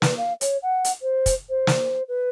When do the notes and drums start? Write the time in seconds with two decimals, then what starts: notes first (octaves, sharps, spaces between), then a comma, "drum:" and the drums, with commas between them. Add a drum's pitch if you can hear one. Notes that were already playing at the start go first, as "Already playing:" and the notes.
0.02 B4, drum: snare
0.18 F5
0.41 C#5, drum: hi-hat
0.62 F#5
0.84 drum: hi-hat
1.02 C5
1.26 drum: kick, hi-hat
1.49 C5
1.67 drum: snare
2.08 B4